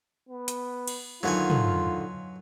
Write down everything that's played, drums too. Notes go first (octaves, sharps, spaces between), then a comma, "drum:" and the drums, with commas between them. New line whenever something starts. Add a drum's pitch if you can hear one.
B3
drum: hi-hat
drum: cymbal
D2 D3 D#3 F#3 F4 B4 G#5
drum: tom